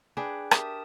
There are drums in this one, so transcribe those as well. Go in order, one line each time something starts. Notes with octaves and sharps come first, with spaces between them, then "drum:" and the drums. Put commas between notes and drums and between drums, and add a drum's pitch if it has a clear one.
D4 G#4 B4 G5
G4 A#4 E5 A5 D#6, drum: rim click